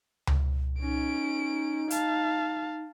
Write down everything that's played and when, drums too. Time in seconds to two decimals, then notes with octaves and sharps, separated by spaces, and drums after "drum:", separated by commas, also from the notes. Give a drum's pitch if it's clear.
0.27 drum: tom C#2
0.80 C#4 D#4 D7
1.90 F5 A5, drum: hi-hat